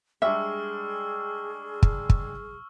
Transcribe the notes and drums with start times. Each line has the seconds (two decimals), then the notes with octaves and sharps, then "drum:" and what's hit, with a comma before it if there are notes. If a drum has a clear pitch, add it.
0.22 G3 G#3 D4 G#4 E5 C#6 E6 F6
1.83 drum: kick
2.10 drum: kick